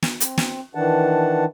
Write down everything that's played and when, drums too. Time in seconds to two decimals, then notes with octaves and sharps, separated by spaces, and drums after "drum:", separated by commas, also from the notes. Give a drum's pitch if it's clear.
0.03 drum: snare
0.20 C4, drum: hi-hat
0.38 drum: snare
0.75 D#3 E3 D4 F#5 A5